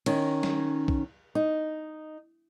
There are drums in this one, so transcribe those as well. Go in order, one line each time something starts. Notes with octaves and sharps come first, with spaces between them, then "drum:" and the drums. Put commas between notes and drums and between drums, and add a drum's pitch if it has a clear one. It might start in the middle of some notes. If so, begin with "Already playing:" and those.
D#3 C#4, drum: cymbal
drum: snare G3
drum: kick
D#4